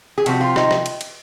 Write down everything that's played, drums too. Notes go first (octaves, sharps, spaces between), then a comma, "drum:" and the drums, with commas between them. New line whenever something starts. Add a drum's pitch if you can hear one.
G#4
C3 F3 C4 F#4, drum: cymbal
F4
D#4, drum: rim click
drum: rim click
drum: cymbal
drum: cymbal